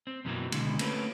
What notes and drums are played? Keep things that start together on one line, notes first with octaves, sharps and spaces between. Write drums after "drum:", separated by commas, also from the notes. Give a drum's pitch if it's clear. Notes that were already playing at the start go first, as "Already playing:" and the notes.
C4
F#2 B2 E3 F#3 A#3 C4
C#2 G2 B2 D3 E3 G#3, drum: cymbal
A3 A#3 C4 C#4 B4, drum: cymbal